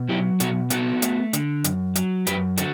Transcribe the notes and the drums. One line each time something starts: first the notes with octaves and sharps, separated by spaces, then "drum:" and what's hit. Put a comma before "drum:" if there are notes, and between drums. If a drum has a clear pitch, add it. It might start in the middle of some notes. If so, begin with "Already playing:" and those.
Already playing: B2
F#3 E4 G4
B2 F#4 A4, drum: hi-hat
B3 F#4 A4, drum: hi-hat
A3, drum: hi-hat
D3, drum: hi-hat
F#2, drum: hi-hat
F#3, drum: hi-hat
F#2 G4 B4, drum: hi-hat
D3 F#4 A4, drum: hi-hat